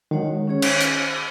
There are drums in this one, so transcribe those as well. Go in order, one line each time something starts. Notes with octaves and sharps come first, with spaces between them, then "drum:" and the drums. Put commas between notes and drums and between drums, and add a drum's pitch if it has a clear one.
D#3 G#3 F#4 C#5 F#5
C#4 G#4 C#5
drum: cymbal
drum: hi-hat